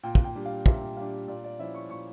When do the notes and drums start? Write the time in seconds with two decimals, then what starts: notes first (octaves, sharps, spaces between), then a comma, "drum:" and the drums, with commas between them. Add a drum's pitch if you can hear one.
0.03 A#2 G5
0.15 F5, drum: kick
0.24 G5
0.35 G3 D4
0.46 F5
0.66 A#2 E5, drum: kick
0.97 G3 D4 F5
1.28 A#2 D5
1.44 D5
1.59 F3 C#4 E4 E5
1.75 C#6
1.90 A#2 C#6